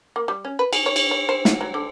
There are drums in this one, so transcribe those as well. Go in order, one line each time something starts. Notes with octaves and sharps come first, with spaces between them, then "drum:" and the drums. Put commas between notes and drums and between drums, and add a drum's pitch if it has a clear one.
A#3
G3
C#4
B4
G#4, drum: cymbal
C#5
drum: cymbal
C#5
C5
F#3, drum: snare
F#3
D3